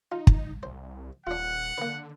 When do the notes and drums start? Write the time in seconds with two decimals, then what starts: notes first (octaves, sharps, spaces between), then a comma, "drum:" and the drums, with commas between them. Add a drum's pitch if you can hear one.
0.12 D#4 F4
0.27 drum: kick
0.63 C2 C5
1.27 D#1 D4 F4 F#5
1.78 D3 A#3 B4